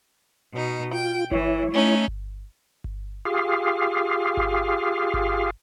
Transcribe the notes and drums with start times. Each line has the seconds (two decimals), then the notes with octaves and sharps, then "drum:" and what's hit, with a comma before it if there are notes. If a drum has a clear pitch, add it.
0.55 B2 D#4
0.93 F4 G5
1.31 E3 E4 C#5, drum: kick G1
1.72 A3 C#4 D#4
2.08 drum: kick G1
2.84 drum: kick G1
3.25 F4 G4 G#4 F5
4.37 drum: kick G1
5.14 drum: kick G1